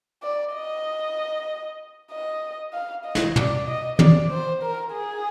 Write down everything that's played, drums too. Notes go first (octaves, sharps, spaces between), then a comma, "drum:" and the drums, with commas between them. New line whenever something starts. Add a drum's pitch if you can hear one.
D5
D#5
D#5
F5
D#5
drum: snare
D5, drum: tom
D#5
D5, drum: tom
C5
A#4
G#4